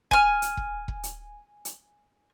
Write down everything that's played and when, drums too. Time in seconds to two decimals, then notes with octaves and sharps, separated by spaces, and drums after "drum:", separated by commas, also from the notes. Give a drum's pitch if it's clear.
0.11 G#5 F6, drum: kick E1
0.42 drum: hi-hat
0.57 drum: kick E1
0.88 drum: kick E1
1.03 drum: hi-hat
1.65 drum: hi-hat